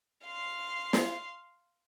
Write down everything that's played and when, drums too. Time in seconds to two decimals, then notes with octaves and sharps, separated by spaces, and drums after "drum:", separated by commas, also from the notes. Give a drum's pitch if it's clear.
0.25 F5 C6
0.93 drum: snare